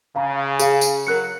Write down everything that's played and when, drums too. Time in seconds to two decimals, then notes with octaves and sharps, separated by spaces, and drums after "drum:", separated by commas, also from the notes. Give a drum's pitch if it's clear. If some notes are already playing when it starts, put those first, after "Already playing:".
0.16 C#3 F5 A#5
0.59 G#4 F5, drum: tambourine
0.81 drum: tambourine
1.07 F#3 A#4 F#6 C#7